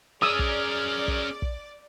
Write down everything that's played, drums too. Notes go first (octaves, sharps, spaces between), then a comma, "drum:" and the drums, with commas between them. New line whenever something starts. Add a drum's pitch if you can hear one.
C#4 G#4 A#4 D5 D#6 E6
drum: kick
drum: kick
drum: kick